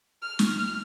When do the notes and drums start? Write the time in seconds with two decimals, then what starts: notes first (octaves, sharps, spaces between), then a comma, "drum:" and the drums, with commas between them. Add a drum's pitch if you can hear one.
0.22 F6
0.39 drum: snare